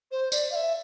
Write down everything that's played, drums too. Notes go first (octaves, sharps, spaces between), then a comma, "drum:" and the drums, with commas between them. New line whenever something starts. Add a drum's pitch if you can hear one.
C5
D5, drum: tambourine
F5
E5